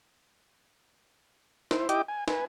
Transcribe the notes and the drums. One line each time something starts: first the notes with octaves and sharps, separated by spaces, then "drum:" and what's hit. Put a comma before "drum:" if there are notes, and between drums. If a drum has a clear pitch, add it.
E4 C5, drum: snare
E4 G4 D#5 G5 D6, drum: hi-hat
G#5
B4 G#5, drum: snare